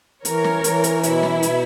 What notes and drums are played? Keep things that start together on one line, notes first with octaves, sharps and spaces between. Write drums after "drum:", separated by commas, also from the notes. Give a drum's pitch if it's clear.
E3 A#4 C#5, drum: hi-hat
drum: snare
E3, drum: hi-hat
drum: hi-hat
B2 E4, drum: hi-hat
drum: snare
B2, drum: hi-hat